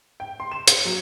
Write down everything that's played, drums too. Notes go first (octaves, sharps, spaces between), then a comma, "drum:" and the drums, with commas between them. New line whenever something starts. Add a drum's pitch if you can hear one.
G5
C6
E7
C#7, drum: hi-hat
F#3